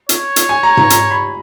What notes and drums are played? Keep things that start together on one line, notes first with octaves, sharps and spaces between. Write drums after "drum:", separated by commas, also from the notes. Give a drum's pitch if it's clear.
C#5, drum: hi-hat
drum: hi-hat
G#5
A#5
A#5, drum: tom G#2
A#5, drum: hi-hat
B5